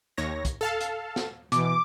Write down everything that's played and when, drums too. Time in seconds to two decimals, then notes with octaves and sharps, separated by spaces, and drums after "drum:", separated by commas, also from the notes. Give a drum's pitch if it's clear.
0.17 D#2 C#5 A#6
0.45 drum: kick, hi-hat
0.61 A4 F5 A5
0.81 drum: hi-hat
1.16 drum: snare
1.52 B2 E3 D6, drum: hi-hat